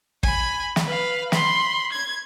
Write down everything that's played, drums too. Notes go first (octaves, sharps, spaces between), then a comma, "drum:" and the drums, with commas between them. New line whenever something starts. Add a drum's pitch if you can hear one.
G#5 B5, drum: kick
drum: snare
B4 F5
B5 C6, drum: snare
G#6